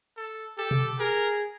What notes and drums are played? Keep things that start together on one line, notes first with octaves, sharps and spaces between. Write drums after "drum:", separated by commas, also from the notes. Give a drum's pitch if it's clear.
A4
G4 A4
drum: tom B2
G#4 A#4